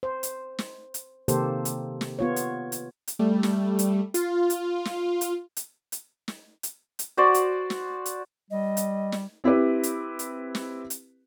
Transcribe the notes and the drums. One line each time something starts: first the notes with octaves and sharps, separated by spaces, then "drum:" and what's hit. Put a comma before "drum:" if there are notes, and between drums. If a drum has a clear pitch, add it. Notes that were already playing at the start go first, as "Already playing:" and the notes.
C5
drum: hi-hat
drum: snare
drum: hi-hat
C3 D#3 A#3 G4 A4 C5, drum: hi-hat
drum: hi-hat
drum: snare
B3 F4 C#5
drum: hi-hat
drum: hi-hat
drum: hi-hat
G3 A3
drum: snare
drum: hi-hat
F4, drum: hi-hat
drum: hi-hat
drum: snare
drum: hi-hat
drum: hi-hat
drum: hi-hat
drum: snare
drum: hi-hat
drum: hi-hat
F#4 C5 D5
drum: hi-hat
drum: snare
drum: hi-hat
G3 D#5
drum: hi-hat
drum: snare
C4 E4 G4 B4
drum: hi-hat
drum: hi-hat
drum: snare
drum: hi-hat